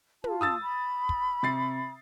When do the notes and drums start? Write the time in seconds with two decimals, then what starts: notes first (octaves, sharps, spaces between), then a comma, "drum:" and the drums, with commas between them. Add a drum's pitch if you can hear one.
0.24 F4 A5, drum: tom
0.41 D#6 E6 A6
0.62 B5
1.09 drum: kick
1.43 C3 A6 C7